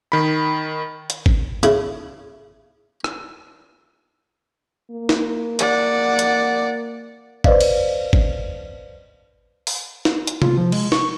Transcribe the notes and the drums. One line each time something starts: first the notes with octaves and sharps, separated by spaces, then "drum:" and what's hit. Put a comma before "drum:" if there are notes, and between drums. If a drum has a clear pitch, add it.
D#3 B5
drum: hi-hat
drum: kick G#1
C#3 E4, drum: hi-hat
drum: rim click
A#3
drum: snare
D5 F#5, drum: hi-hat
drum: hi-hat
B4 C5 D5 D#5 F5, drum: kick G#1
drum: cymbal
drum: kick G#1
drum: open hi-hat
drum: snare
drum: hi-hat
F4, drum: tom C3
F3
G#3, drum: cymbal
C#6, drum: snare